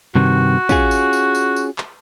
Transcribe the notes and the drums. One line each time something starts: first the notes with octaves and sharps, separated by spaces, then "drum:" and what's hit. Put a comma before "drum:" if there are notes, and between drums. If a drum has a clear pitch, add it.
G2 C3 D#3 F#4
C#4 F4 G#4, drum: kick, tambourine
drum: tambourine
drum: tambourine
drum: tambourine
drum: tambourine
drum: clap